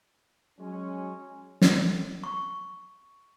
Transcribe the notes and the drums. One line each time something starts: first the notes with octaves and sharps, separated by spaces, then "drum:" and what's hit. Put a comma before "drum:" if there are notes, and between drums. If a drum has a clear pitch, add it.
F#3 G#3 C#4
drum: snare
C#6